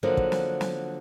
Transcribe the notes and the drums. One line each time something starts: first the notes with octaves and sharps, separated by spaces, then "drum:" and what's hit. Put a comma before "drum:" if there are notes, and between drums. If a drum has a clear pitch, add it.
D3 F3 F#3 A#3
drum: kick
drum: snare
drum: snare